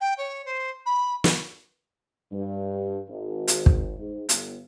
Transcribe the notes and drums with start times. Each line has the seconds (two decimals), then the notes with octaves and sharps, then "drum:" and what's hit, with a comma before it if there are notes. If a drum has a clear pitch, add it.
0.01 G5
0.17 C#5
0.45 C5
0.86 B5
1.24 drum: snare
2.32 G2
3.09 G#1
3.48 drum: hi-hat
3.66 drum: kick
3.98 G#2
4.29 G1, drum: hi-hat